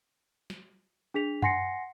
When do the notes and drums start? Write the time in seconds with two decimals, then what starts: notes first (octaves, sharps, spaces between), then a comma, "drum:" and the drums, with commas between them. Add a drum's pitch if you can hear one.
0.50 drum: snare
1.14 D4 G#4 B6 F7
1.42 F#5 G#5 C6 A#6 C7 C#7, drum: tom F#2